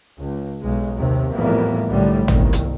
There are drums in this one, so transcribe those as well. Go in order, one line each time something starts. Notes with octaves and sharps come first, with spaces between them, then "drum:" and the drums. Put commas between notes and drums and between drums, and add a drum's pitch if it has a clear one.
C#2
B1 G#3
D#2 C3
F2 A2 E3 G3 A#3 B3
B1 A2 D3 G3
G1 C2 D#3, drum: tom G#1
drum: hi-hat